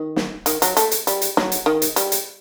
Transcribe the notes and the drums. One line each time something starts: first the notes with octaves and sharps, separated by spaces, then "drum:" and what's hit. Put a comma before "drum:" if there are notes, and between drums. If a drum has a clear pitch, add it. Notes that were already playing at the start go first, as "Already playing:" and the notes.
Already playing: D#3
drum: snare
D#3, drum: hi-hat
F#3, drum: hi-hat
A3, drum: hi-hat
drum: hi-hat
G3, drum: hi-hat
drum: hi-hat
F#3, drum: snare
drum: hi-hat
D#3
drum: hi-hat
G3, drum: hi-hat
drum: hi-hat